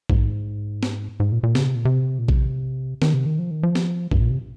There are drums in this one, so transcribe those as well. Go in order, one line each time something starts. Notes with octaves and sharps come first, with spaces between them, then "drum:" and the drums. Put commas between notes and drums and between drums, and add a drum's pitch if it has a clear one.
G#2, drum: kick A#1
drum: snare
G#2
A#2
A#2
C#3, drum: snare
C3
A#2
C3
A#2
C3, drum: kick A#1
D#3, drum: snare
C3
D#3
F3
D#3
F3
drum: snare
G2, drum: kick A#1
A#2
C3